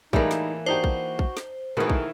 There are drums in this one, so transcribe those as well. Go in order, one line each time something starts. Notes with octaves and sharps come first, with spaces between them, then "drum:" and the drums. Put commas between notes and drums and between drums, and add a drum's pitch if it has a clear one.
A2 E3 G3 G#3 A#3 D#4, drum: kick A#1
drum: snare
D4 D#4 F#4 G4 C5
drum: kick A#1
drum: kick A#1
drum: snare
B2 D#3 E3 G#3 A3 A#4
drum: kick A#1